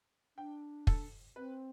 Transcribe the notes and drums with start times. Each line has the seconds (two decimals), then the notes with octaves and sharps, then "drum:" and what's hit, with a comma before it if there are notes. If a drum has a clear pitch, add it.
0.37 D4 G5
0.87 A4, drum: kick
1.36 C4 B4